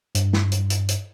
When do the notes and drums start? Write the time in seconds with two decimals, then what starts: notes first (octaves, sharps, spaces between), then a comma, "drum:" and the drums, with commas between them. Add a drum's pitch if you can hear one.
0.15 G2, drum: hi-hat
0.33 drum: snare
0.52 drum: hi-hat
0.70 drum: hi-hat
0.88 drum: hi-hat